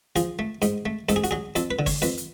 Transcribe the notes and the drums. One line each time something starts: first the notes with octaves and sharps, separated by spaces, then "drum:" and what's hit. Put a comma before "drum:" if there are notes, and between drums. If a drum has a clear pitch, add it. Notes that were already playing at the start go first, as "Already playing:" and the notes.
F3 G#4, drum: hi-hat
A3
G#2, drum: hi-hat
A3
G#2 A4, drum: hi-hat
G#4
F#4, drum: hi-hat
F#3 G#4
F2 A4, drum: hi-hat
B4
D3
C#5, drum: kick, open hi-hat
F2 B4, drum: hi-hat
drum: hi-hat